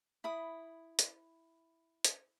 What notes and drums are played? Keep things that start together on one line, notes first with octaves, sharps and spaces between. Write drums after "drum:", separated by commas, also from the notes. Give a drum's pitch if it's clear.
E4 B5 D#6
drum: hi-hat
drum: hi-hat